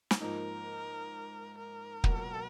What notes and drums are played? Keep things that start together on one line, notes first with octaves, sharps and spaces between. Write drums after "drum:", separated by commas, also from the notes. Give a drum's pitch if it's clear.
drum: snare
G#2 F3 A#3 D#4 A#4
A#4
C#2 B2 F#3 A#3, drum: kick